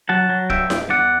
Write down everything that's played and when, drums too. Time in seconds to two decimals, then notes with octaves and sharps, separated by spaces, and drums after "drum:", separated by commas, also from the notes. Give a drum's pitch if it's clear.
0.09 F#3 F#5 A5
0.29 F#3
0.50 G2 E5 G5, drum: kick
0.70 G2, drum: snare E4
0.89 E2 D5 F#5